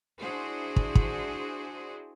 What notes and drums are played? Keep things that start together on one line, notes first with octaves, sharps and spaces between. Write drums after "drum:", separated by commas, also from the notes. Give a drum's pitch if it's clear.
D4 E4 F#4 G#4 C5
drum: kick
drum: kick